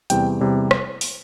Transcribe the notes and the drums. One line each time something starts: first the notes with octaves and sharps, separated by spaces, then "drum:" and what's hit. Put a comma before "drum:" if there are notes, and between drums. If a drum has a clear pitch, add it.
E2 C3 G3 G5, drum: hi-hat
E2 C3 G3
drum: rim click
drum: open hi-hat